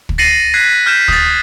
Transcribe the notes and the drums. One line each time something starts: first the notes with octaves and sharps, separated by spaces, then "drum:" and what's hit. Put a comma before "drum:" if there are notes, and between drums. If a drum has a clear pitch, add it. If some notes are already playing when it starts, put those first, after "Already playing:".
drum: kick
A6 A#6 C7 C#7 D#7 F#7
F#6 G#6 B6 C7
F6 G6 B6 E7
D#6 A6, drum: kick